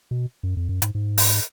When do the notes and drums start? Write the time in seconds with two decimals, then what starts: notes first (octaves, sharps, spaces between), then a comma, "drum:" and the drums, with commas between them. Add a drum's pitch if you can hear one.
0.11 B2
0.43 F#2
0.57 F2
0.69 F#2
0.82 G#2, drum: hi-hat
0.95 G#2
1.18 drum: open hi-hat